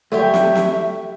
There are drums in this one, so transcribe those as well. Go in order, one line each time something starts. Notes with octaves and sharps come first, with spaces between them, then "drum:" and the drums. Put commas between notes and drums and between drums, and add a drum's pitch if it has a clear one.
D3 F#3 A3 G4 E5 G#5
drum: snare
drum: snare